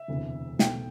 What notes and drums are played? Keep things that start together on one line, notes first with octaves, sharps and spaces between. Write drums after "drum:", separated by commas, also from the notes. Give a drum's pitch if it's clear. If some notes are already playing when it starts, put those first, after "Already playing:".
Already playing: E5
E1 D2 C3 E3
B1 B2 A3 G5, drum: snare